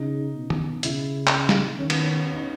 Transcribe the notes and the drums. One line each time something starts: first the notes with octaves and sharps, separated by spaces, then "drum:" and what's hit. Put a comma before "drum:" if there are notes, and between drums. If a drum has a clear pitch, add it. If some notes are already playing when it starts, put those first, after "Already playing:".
Already playing: C#3 D#4
B2
drum: tom
C#3 E4, drum: hi-hat
drum: clap
drum: snare
D#3 C#4
B3, drum: cymbal
C#4
C#4
C#4
D#4
C#4